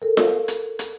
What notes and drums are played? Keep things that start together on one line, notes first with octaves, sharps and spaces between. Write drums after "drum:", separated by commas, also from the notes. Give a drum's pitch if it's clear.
A4 A#4
drum: snare F4
drum: hi-hat
drum: hi-hat